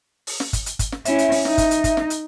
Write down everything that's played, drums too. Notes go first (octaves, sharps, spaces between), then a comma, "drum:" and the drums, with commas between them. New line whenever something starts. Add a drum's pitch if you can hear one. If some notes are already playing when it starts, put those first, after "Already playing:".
drum: open hi-hat
drum: snare
drum: kick, hi-hat
drum: hi-hat
drum: kick, hi-hat
drum: snare
C#4 E4 E5, drum: hi-hat
drum: hi-hat
drum: open hi-hat
D#4, drum: snare
drum: kick, hi-hat
drum: hi-hat
drum: kick, hi-hat
drum: snare
drum: hi-hat